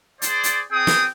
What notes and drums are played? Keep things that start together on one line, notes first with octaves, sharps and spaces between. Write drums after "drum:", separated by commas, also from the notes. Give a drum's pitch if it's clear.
G#4 C5 D5, drum: hi-hat
drum: hi-hat
C4 G#4 G5 D#6
drum: snare